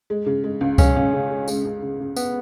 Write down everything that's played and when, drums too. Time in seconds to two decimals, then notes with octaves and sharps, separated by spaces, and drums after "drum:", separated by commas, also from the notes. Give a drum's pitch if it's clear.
0.10 G#3
0.26 C#3
0.44 G#3
0.61 C#2
0.78 C#2 C#4, drum: kick C#2, tambourine
0.96 C#2
1.13 C#3
1.30 G#3
1.48 G#3, drum: tambourine
1.65 C#2
1.82 C#3
2.00 C#3
2.16 B3, drum: tambourine